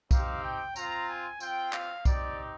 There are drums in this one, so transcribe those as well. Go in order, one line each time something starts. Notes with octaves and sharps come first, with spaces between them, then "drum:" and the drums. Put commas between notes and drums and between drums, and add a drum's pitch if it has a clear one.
C4 D#4 G4 F5, drum: kick B1, tambourine
G5
C4 F4 A#5, drum: tambourine
G#5
C4 F4 G5, drum: tambourine
F5, drum: clap
C4 D#4 G4 D5, drum: kick B1, tambourine